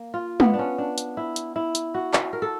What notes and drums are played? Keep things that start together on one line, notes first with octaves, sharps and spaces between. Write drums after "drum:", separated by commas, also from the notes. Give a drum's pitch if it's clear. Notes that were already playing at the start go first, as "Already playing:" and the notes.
Already playing: A#3
F4
B3, drum: tom
D4
C#4
D4
drum: hi-hat
E4
drum: hi-hat
E4
drum: hi-hat
F#4
drum: clap
A#4
A4